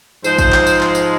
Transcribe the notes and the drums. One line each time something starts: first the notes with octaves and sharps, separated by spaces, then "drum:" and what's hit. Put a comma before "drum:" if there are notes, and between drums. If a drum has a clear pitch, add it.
G#2 F3 G#3 C5, drum: tambourine
drum: kick A1, tambourine
drum: clap
drum: tambourine
drum: clap
drum: tambourine